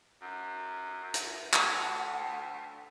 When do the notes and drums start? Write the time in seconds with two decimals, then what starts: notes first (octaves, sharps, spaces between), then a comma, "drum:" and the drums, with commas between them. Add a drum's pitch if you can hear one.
0.22 F#2
1.14 E5, drum: hi-hat
1.53 D2 F#5, drum: clap